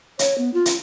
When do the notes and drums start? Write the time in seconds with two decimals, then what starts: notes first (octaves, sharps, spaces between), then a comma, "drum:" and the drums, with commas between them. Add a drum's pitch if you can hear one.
0.19 C#5, drum: hi-hat
0.38 B3
0.54 F4
0.66 drum: hi-hat